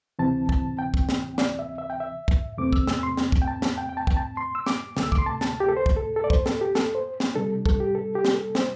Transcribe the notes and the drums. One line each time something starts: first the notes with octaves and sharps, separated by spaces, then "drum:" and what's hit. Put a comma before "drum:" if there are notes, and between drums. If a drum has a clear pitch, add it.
D2 C3 E3 C4 A5
A5, drum: kick
G5
drum: kick
drum: snare
D5, drum: snare
E5
E5
G5
E5
drum: kick
E2 C3 A3 C4 D6
E6, drum: kick
E6, drum: snare
C6
drum: snare
drum: kick
G5
A5
drum: snare
G5
G5
A5
G5, drum: kick
A5
C6
E6
D6, drum: snare
D2 C3 A3, drum: snare
E6
D6, drum: kick
C6
A5
A5, drum: snare
G4
A4
C5
drum: kick
A4
A4
D5
C5, drum: kick
A4, drum: snare
G4
A4, drum: snare
C5
drum: snare
C3 G3 D4 A4
A4, drum: kick
G4
A4
G4
drum: snare
A4
C5, drum: snare